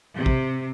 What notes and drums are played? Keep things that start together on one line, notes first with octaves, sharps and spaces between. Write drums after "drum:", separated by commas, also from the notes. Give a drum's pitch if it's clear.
C3
drum: kick